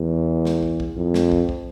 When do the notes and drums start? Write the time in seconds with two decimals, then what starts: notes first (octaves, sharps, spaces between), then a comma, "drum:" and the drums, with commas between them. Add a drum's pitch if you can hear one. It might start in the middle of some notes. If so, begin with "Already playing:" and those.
Already playing: E2
0.45 drum: snare
0.63 drum: kick
0.80 drum: kick
0.97 F2
1.14 drum: snare
1.32 drum: kick
1.49 drum: kick